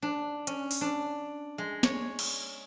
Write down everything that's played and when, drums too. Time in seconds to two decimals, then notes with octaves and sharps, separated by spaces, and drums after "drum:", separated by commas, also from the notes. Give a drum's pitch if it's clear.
0.02 D4
0.47 C#4, drum: hi-hat
0.71 drum: open hi-hat
0.81 D4
1.58 G#3
1.83 C#5, drum: snare
2.19 drum: cymbal